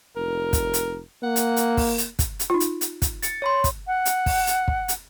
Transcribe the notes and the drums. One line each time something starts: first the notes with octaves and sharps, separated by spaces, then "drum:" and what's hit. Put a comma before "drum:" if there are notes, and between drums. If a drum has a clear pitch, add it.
F1 A#4
drum: kick, hi-hat
drum: hi-hat
A#3 F#5
drum: hi-hat
drum: hi-hat
drum: kick, open hi-hat
drum: hi-hat
drum: kick, hi-hat
drum: hi-hat
D#4 F4
drum: hi-hat
drum: hi-hat
drum: kick, hi-hat
A6 C#7, drum: hi-hat
C#5 B5 C6
drum: kick, hi-hat
F#5
drum: hi-hat
drum: kick, open hi-hat
drum: hi-hat
drum: kick
drum: hi-hat